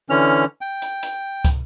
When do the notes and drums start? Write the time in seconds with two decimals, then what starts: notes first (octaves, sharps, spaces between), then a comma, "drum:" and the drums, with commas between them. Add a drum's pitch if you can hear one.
0.10 D3 E3 C#4 F6
0.61 G5
0.82 drum: hi-hat
1.03 drum: hi-hat
1.45 drum: kick, hi-hat